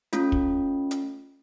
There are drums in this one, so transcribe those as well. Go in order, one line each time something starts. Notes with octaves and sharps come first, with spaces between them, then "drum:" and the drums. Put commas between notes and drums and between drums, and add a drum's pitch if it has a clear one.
A3 C#4 F4, drum: hi-hat
drum: kick
drum: hi-hat